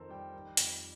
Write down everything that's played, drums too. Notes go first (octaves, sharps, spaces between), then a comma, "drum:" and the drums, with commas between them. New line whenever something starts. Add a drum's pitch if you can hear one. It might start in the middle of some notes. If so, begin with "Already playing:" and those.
Already playing: F2 D#3 A#3 A4 A#4 C5
G3 G5
D#3
F2, drum: hi-hat